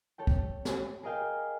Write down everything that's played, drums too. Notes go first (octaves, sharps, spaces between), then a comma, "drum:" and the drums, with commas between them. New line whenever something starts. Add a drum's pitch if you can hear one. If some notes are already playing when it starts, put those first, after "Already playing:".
A4 C#5 G5
drum: kick
drum: snare
G#4 A#4 D#5 F5 G5 G#5